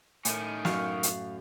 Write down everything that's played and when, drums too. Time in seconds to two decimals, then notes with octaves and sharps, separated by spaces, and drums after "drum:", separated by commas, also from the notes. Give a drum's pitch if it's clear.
0.25 A2 D#3 C#4, drum: hi-hat
0.65 F#2 F5 C#6, drum: snare
1.03 drum: hi-hat